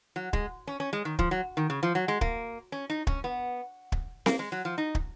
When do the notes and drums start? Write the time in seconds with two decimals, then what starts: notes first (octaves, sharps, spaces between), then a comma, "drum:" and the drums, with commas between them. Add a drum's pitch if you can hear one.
0.16 F#3
0.33 G#3, drum: kick
0.67 C#4
0.80 C#4
0.93 G#3
1.05 D#3
1.19 F3, drum: kick
1.31 F#3
1.57 D#3
1.70 C#3
1.83 F3
1.95 F#3
2.08 G#3
2.21 A#3, drum: kick
2.72 C#4
2.90 D#4
3.07 C#4, drum: kick
3.24 B3
3.92 drum: kick
4.26 A#3, drum: snare C4
4.39 G#3
4.52 F#3
4.65 F3
4.78 D#4
4.95 drum: kick